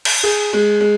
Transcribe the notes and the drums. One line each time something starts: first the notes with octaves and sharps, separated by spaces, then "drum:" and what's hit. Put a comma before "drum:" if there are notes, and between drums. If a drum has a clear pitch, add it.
drum: cymbal
G#4
G#3
G#3